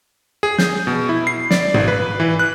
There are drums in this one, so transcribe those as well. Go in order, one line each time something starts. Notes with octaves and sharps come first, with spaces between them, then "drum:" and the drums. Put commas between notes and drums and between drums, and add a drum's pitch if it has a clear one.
G#4
G6, drum: snare
B2
E4
C7
D5, drum: snare
G#1, drum: tom G#2
B4
E3
F#6